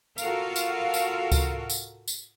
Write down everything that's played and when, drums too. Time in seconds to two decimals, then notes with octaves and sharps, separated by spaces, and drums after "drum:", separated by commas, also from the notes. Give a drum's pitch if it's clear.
0.18 F4 F#4 A4 A#4 F5, drum: tambourine
0.56 drum: tambourine
0.94 drum: tambourine
1.32 drum: kick C#2, tambourine
1.70 drum: tambourine
2.08 drum: tambourine